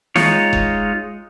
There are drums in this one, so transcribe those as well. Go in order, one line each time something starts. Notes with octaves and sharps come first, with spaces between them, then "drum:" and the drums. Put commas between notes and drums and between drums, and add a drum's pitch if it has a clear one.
G#3 D#4 F4 C#5, drum: snare
drum: kick F#1